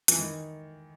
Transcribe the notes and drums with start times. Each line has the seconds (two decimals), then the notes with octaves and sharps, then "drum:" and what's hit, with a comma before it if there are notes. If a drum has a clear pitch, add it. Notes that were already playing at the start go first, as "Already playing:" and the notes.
0.08 E3, drum: hi-hat
0.18 D#3